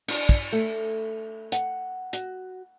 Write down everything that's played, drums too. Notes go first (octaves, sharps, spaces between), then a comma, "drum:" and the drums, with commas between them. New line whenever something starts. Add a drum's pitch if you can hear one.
D4, drum: cymbal
drum: kick
A3
F#5, drum: hi-hat
F#4, drum: hi-hat